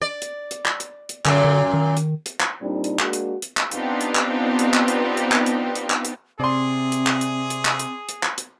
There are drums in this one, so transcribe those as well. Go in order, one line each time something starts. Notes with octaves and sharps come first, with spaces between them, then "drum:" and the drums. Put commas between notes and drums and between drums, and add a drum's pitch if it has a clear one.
D5
drum: hi-hat
drum: hi-hat
drum: clap
drum: hi-hat
drum: hi-hat
F#2 A#2 D3, drum: clap
D3
D#3
drum: hi-hat
drum: hi-hat
drum: clap
A#2 G3 C4 D4 D#4
drum: hi-hat
G#3 A#3 D4 F#4, drum: clap
drum: hi-hat
drum: hi-hat
drum: clap
B3 C4 D4 D#4 F4 G4, drum: hi-hat
drum: hi-hat
drum: clap
drum: hi-hat
drum: clap
drum: hi-hat
drum: hi-hat
drum: clap
drum: hi-hat
drum: hi-hat
drum: clap
drum: hi-hat
C3 C4 G#4 D5 C6
drum: hi-hat
drum: clap
drum: hi-hat
drum: hi-hat
drum: clap
drum: hi-hat
drum: hi-hat
drum: clap
drum: hi-hat